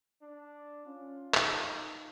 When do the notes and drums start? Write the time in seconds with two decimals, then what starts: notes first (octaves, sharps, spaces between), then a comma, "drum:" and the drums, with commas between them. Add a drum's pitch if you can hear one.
0.22 D4
0.86 C#4 F4
1.34 D#4, drum: clap